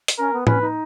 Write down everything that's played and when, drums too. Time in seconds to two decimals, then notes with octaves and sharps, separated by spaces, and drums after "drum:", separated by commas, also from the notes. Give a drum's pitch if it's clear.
0.08 drum: hi-hat
0.18 C#4 A#4
0.33 B3
0.47 C#4 B4, drum: tom A2
0.61 D#4